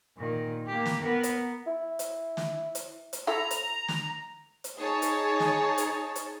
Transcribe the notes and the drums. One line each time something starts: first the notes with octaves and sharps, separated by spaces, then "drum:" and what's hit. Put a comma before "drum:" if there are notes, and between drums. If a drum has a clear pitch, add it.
A#2 D#3
A#3 G4
drum: snare
B3 A#4
drum: hi-hat
E4
drum: hi-hat
drum: snare
drum: hi-hat
drum: hi-hat
E4 A4 E5 A#5
drum: hi-hat
drum: snare
drum: hi-hat
D#4 G#4 C#5 A5
drum: hi-hat
drum: snare
drum: hi-hat
drum: hi-hat